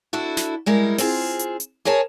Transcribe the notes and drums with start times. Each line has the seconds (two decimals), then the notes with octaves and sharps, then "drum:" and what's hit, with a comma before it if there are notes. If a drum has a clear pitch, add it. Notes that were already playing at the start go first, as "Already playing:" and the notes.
0.13 D4 E4 F#4 A4
0.37 drum: snare
0.66 G3 G#3 E4 A#4
0.98 C4 F4 G#4, drum: open hi-hat
1.39 drum: hi-hat
1.60 drum: hi-hat
1.85 G#4 A#4 C#5 G#5 A5